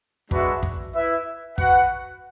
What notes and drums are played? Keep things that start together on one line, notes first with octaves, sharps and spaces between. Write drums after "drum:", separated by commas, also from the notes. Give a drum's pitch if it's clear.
G#3 D4 F#4 B4 E5, drum: kick
drum: kick
E4 B4 E5
F#4 B4 F#5, drum: kick